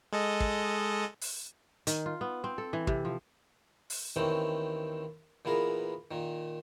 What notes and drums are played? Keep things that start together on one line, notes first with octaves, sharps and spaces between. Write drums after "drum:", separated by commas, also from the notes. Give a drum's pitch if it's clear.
G#3 A4 D#5
drum: kick
drum: open hi-hat
D#3, drum: hi-hat
F4
B3
C4
A4
E3
C3, drum: kick
F3
drum: open hi-hat
D#2 D#3 E3 A3 C4 C#4
A#2 E3 B3 G#4 A#4
A#2 D#3